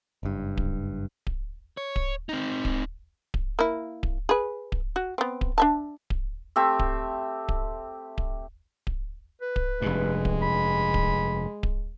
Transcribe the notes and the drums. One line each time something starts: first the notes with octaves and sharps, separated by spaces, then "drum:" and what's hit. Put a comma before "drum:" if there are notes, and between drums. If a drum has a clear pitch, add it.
F#1 G2
drum: kick D1
drum: kick D1
C#5
drum: kick D1
C4 D#4
drum: kick D1
drum: kick D1
A#3 E4
drum: kick D1
G#4 B4
drum: kick D1
F#4
B3 C4
drum: kick D1
D4 E5 A5
drum: kick D1
A3 C4 G4 E5
drum: kick D1
drum: kick D1
drum: kick D1
drum: kick D1
B4
drum: kick D1
F1 G2 G#3
drum: kick D1
B5
drum: kick D1
drum: kick D1